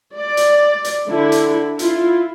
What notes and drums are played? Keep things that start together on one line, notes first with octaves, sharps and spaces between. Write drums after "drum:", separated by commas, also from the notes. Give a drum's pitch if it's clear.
D5
drum: hi-hat
drum: hi-hat
D3 E4
drum: hi-hat
E4 F4, drum: hi-hat